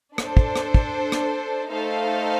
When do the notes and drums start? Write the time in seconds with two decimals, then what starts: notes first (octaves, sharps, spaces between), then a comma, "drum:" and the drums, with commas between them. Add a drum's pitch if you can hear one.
0.18 D4 A4 C5, drum: rim click
0.37 drum: kick
0.56 drum: rim click
0.74 drum: kick
1.12 drum: rim click
1.69 A3 D#4 A4 C5 F5